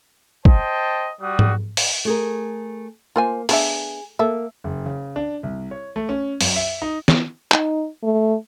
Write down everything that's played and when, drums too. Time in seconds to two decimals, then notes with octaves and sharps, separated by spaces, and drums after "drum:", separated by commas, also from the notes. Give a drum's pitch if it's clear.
0.45 C5 D#5 G5 A5, drum: kick
1.21 G3 F#4 F#5 D#6
1.39 drum: tom G#2
1.77 drum: open hi-hat
2.05 A3 G#4 A#4
3.16 A#3 F4 C5 G#5
3.49 B3 D4 G#4 E5, drum: open hi-hat
4.19 A#3 A4 E5
4.64 F#1
4.86 C#3
5.16 D4
5.43 C2
5.71 C#5
5.96 A3
6.09 C#4
6.41 F#2, drum: open hi-hat
6.56 E5
6.82 D#4
7.08 drum: snare
7.52 D#4, drum: clap
8.03 A3